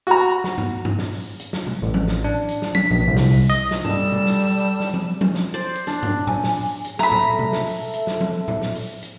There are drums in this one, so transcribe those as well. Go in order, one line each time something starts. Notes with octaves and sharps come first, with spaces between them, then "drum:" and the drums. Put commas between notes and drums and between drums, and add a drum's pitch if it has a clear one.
F#4 A#5
drum: snare
drum: tom G2
drum: tom G2
drum: snare
drum: open hi-hat
drum: hi-hat
drum: snare
drum: tom B2
A1
drum: tom F3
drum: snare
D4
drum: hi-hat
drum: snare
B6, drum: tom F3
A#1
C2
drum: snare
drum: open hi-hat
D#5
drum: snare
G3 A4 E7, drum: tom G2
drum: tom B2
drum: snare
drum: open hi-hat
drum: snare
drum: tom F3
drum: tom F3
drum: snare
C5 D5
drum: hi-hat
D4, drum: snare
drum: tom G2
G#5, drum: tom A2
drum: snare
drum: open hi-hat
drum: hi-hat
A4 E5 A#5 B5, drum: snare
drum: tom A2
drum: tom B2
drum: snare
drum: open hi-hat
drum: hi-hat
drum: snare
drum: tom F3
drum: tom A2
drum: snare
drum: open hi-hat
drum: hi-hat